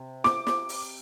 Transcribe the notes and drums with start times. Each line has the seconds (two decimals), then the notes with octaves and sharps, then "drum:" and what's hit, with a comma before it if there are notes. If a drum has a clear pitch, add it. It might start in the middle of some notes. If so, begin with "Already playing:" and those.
Already playing: C3
0.24 D6, drum: snare
0.47 drum: snare
0.69 drum: open hi-hat